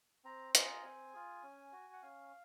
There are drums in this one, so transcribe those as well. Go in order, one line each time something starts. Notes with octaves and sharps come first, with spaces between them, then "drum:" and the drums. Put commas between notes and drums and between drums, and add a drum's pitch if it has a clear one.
C4 A#5
F4 G#4 A#5, drum: hi-hat
C4 G#5
F4 G#4
C#4
F#4
F#5
C#4 F5